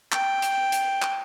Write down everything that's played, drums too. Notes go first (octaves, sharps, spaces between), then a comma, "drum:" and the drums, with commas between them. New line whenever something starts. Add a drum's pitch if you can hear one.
G5, drum: clap
drum: hi-hat
drum: hi-hat
drum: clap